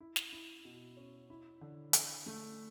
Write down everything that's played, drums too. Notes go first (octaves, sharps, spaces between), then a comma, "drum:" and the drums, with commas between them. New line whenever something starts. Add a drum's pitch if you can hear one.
E4
drum: snare
E4
B2
C#4
E4
D3
D3, drum: hi-hat
A3